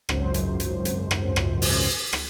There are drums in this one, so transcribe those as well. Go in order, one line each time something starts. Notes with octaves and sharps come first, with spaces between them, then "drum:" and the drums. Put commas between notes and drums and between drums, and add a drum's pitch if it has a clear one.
G#1 C#2 F#2 C5, drum: rim click
drum: hi-hat
drum: hi-hat
drum: hi-hat
drum: rim click
drum: rim click
drum: open hi-hat
drum: rim click